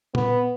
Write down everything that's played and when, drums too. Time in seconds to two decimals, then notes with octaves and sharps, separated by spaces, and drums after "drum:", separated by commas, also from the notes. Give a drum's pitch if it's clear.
0.15 B3, drum: tom A#2